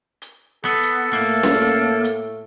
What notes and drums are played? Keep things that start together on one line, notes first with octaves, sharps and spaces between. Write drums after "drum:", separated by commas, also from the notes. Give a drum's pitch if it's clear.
drum: hi-hat
B3 A4
drum: hi-hat
A2 A3 A#3
drum: snare C#4
drum: hi-hat